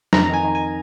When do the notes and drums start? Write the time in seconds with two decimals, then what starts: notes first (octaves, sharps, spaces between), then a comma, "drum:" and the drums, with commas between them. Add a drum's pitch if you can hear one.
0.13 F2 A#5, drum: snare
0.24 A#5
0.29 D#3 G#5
0.44 D#3
0.55 G#5